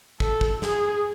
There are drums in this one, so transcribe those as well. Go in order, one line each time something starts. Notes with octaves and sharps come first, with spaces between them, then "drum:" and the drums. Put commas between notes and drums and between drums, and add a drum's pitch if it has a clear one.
A4, drum: kick
drum: kick
G#4, drum: snare